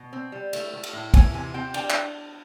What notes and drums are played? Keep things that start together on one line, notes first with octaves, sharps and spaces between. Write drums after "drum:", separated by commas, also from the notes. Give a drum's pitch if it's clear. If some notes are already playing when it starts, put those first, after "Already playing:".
Already playing: B2
C4
G3
A3, drum: cymbal
A3
drum: cymbal
A2
E3 G#5, drum: kick, cymbal
C3 G#5
C4 G5
D4 G5, drum: cymbal
drum: clap